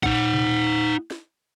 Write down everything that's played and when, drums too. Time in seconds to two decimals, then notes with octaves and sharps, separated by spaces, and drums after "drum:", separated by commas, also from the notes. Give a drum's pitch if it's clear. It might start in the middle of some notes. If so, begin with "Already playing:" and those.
0.03 D#4 F#5, drum: kick A#1
0.34 drum: tom B2
1.11 drum: snare